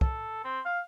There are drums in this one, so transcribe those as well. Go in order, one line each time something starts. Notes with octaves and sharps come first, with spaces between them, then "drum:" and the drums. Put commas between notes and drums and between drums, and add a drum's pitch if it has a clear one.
A4, drum: kick
C4
F5